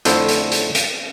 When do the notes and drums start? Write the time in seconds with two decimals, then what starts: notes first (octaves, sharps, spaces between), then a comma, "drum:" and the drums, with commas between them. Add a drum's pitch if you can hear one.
0.05 F2 D3 A3 E4 C5, drum: hi-hat
0.29 drum: hi-hat
0.52 drum: hi-hat
0.75 drum: hi-hat